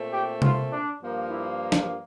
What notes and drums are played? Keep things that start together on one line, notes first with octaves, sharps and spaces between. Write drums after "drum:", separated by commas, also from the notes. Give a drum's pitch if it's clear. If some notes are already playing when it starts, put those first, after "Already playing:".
Already playing: A#2 A3 C4
G4
F4, drum: tom C3
D4
G2 F3 A#3
E4
drum: snare